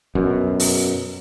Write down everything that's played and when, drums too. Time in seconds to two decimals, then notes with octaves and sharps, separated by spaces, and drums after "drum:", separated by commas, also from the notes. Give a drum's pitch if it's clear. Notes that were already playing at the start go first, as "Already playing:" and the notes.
0.15 F#2 B2
0.60 drum: open hi-hat